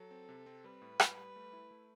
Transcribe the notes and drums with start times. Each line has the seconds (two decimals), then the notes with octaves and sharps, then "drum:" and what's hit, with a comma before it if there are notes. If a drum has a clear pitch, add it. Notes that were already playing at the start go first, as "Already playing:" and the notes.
Already playing: F#3 A4
0.11 C4
0.29 C3
0.46 C4
0.64 G3 B4
0.82 A2
1.00 G3, drum: rim click
1.17 G3
1.36 A3
1.53 E4
1.71 A3